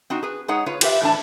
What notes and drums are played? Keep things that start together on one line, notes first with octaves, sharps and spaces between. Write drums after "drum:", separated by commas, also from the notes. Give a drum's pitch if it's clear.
C4 D#4 F#4
G#4 B4
G#3 D#4 G#4 C#5 F#5
F4 B4 C#5
F4 G4 B4 E5, drum: cymbal
A2 E3 D4 A5